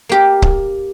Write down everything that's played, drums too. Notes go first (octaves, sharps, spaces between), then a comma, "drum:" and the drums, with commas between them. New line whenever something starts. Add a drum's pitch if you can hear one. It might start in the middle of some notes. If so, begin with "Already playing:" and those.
A#3 G4 A#4
drum: kick C#1